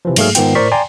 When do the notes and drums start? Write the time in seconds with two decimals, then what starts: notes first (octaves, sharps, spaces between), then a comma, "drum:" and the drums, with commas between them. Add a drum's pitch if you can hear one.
0.05 C3 E3 F3
0.16 G#2 F#3 A3 A#3 G#4 F6, drum: cymbal
0.35 G#2 D#3 B3 F4 G5, drum: hi-hat
0.55 A2 A#4 C5 D5 C#6 B6
0.72 D5 G5 G#5 A#5 C6